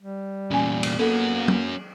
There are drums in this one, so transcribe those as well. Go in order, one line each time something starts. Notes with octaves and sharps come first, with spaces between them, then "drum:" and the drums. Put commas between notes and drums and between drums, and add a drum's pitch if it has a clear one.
G3
E2 A#2 C#4 G#5
drum: cymbal
A#3 B3 C#4 F#4 A4
drum: tom